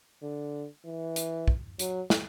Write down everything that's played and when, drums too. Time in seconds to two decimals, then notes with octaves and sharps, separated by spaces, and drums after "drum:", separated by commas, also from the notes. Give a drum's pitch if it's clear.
0.22 D3
0.85 E3
1.16 drum: hi-hat
1.48 drum: kick
1.79 F#3, drum: hi-hat
2.10 drum: snare